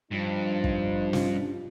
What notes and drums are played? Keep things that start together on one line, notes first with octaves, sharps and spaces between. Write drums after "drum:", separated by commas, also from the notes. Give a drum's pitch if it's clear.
G2 F3 D#4
drum: kick
C#4 D4 F4, drum: snare